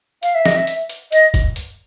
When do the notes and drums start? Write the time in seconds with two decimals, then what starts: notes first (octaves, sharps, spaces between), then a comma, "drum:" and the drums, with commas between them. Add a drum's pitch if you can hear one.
0.23 F5, drum: hi-hat
0.35 E5
0.46 D#5, drum: snare
0.57 E5
0.67 drum: hi-hat
0.89 drum: hi-hat
1.12 D#5, drum: hi-hat
1.34 drum: kick, hi-hat
1.56 drum: hi-hat